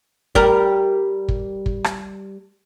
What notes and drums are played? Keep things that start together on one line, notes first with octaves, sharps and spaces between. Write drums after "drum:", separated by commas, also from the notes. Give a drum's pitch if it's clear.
G3 A#4, drum: kick
drum: kick
drum: kick
drum: rim click